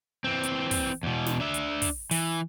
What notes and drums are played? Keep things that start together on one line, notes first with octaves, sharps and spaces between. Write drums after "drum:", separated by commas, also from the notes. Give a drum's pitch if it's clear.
E3 C4
drum: hi-hat
drum: kick, open hi-hat
E2 B2
drum: snare
D4 E5
drum: hi-hat
drum: kick, open hi-hat
E3, drum: open hi-hat